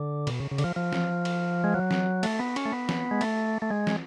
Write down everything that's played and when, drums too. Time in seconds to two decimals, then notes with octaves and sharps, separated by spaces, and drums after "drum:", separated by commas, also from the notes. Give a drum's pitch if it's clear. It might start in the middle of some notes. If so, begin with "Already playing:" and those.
Already playing: D3
0.27 B2, drum: cymbal
0.40 C#3
0.51 C#3
0.58 D3, drum: cymbal
0.64 F3
0.76 F3
0.93 drum: snare
1.25 drum: cymbal
1.64 G#3
1.74 F#3
1.91 drum: snare
2.23 A3, drum: cymbal
2.39 B3
2.56 C#4, drum: cymbal
2.65 A3
2.73 B3
2.89 drum: snare
3.11 G#3
3.21 A3, drum: cymbal
3.62 A3
3.70 G#3
3.87 drum: snare